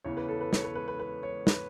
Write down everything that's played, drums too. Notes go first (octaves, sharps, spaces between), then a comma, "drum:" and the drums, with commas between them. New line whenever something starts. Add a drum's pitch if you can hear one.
E2 C#3 E3 C#5
B4
A4
B4
C#5, drum: snare
B4
B4
B4
B4
C#5
B4, drum: snare